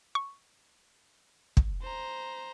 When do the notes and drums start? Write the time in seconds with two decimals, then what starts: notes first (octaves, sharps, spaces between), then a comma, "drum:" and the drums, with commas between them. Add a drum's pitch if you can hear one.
0.15 C#6
1.57 drum: kick
1.82 C5 A#5